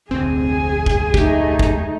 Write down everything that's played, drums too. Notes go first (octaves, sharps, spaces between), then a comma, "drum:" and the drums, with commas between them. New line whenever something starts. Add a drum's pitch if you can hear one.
F1 D2 C4 G#4 G#5
drum: kick
A3 D#4 G4, drum: kick
drum: kick